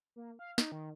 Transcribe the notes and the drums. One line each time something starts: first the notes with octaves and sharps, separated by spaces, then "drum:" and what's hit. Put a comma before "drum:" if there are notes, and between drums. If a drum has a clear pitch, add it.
A#3
F5
D#4, drum: snare
D#3